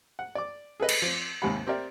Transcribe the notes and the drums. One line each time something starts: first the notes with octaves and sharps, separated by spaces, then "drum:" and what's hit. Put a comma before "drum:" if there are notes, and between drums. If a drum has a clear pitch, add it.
F#5
D5 D6
G#4 A4 B4 D#5
drum: cymbal
F3 C4
D#2 G#2 C3 G4 F#5 B5
C4 G4 A#4 D5 E5